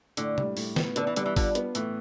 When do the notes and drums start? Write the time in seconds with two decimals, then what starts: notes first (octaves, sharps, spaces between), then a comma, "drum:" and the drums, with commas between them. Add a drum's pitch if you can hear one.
0.17 A2 D3, drum: hi-hat
0.38 G3, drum: tom C3
0.57 A2, drum: open hi-hat
0.76 B3, drum: snare
0.96 D3 B3, drum: hi-hat
1.07 E3
1.16 D3 G3, drum: hi-hat
1.26 E3
1.36 D3 F4, drum: kick G#1, open hi-hat
1.55 B3, drum: hi-hat
1.75 A2 E3, drum: hi-hat